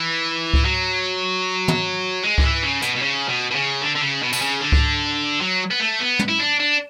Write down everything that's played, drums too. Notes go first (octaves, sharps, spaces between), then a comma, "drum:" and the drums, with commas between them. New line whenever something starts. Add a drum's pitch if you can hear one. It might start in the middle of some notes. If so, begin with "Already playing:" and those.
Already playing: E3
drum: kick C#2
F#3
drum: tom
G#3
D3, drum: kick C#2
E3
C#3
B2, drum: hi-hat
B2
C#3
B2
B2
C#3
D3
D3
C#3
B2
B2, drum: tambourine
C#3
D3
drum: kick C#2
F#3
B3
A3
B3
drum: tom
E4
D4
D4